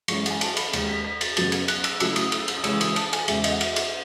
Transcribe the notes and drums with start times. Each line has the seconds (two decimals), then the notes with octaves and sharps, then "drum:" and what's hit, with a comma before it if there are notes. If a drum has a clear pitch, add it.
0.08 F#2 E3 G#3 C#4 E4 C#6, drum: cymbal
0.26 F#5, drum: cymbal
0.30 G#5
0.41 A5, drum: cymbal
0.57 B5, drum: cymbal
0.73 D#2 D#3 G#3, drum: cymbal
0.89 B6
1.05 B6
1.21 A6, drum: cymbal
1.37 F#2 C#3 F#3 B3 A6, drum: cymbal
1.52 G#6, drum: cymbal
1.68 F#6, drum: cymbal
1.84 E6, drum: cymbal
2.00 C#3 F#3 A3 E4 E6, drum: cymbal
2.16 D#6, drum: cymbal
2.32 E6, drum: cymbal
2.48 E6, drum: cymbal
2.57 D#6
2.64 C#3 E3 G#3 C#4 E6, drum: cymbal
2.81 D#6, drum: cymbal
2.96 A5, drum: cymbal
3.13 G#5, drum: cymbal
3.28 E2 C#3 G#3 E5, drum: cymbal
3.44 D#5, drum: cymbal
3.52 F#5
3.61 E5, drum: cymbal
3.76 drum: cymbal